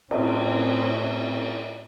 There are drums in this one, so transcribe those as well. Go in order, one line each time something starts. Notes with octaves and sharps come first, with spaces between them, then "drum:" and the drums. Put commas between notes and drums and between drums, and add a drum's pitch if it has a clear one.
A2 C4 C#4, drum: cymbal